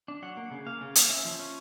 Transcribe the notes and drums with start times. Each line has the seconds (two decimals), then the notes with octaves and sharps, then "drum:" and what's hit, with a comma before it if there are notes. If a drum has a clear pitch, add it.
0.08 D4
0.22 F#3 F#5
0.37 A#3
0.51 C#3
0.66 A#3 F5
0.81 C#3
0.95 A#3, drum: hi-hat
1.10 C#4 E5
1.25 F3
1.39 C#4